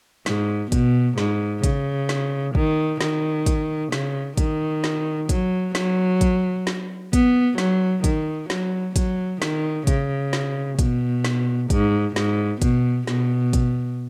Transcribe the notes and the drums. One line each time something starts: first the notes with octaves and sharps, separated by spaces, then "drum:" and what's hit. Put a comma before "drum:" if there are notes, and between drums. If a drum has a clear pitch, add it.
G#2, drum: snare
B2, drum: kick, hi-hat
G#2, drum: snare
C#3, drum: kick, hi-hat
drum: snare
D#3, drum: kick
D#3, drum: snare
drum: kick, hi-hat
C#3, drum: snare
D#3, drum: kick, hi-hat
drum: snare
F#3, drum: kick, hi-hat
F#3, drum: snare
drum: kick, hi-hat
drum: snare
B3, drum: kick, hi-hat
F#3, drum: snare
D#3, drum: kick, hi-hat
F#3, drum: snare
F#3, drum: kick, hi-hat
D#3, drum: snare
C#3, drum: kick, hi-hat
drum: snare
B2, drum: kick, hi-hat
drum: snare
G#2, drum: kick, hi-hat
G#2, drum: snare
B2, drum: kick, hi-hat
B2, drum: snare
drum: kick, hi-hat